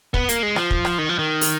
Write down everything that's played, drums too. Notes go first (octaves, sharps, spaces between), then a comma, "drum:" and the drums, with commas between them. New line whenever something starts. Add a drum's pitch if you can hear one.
B3, drum: kick
A#3, drum: hi-hat
G#3
F3, drum: rim click
drum: kick
drum: rim click
D#3
F3
D#3
drum: open hi-hat